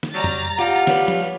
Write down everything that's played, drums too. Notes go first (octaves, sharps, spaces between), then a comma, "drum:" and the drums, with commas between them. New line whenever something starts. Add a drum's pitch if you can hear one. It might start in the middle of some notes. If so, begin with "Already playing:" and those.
drum: snare
F#3 G3 A#5 A6
drum: tom F2
A2 G3 F4 G4 F#5
B3 C#5, drum: snare
drum: tom F3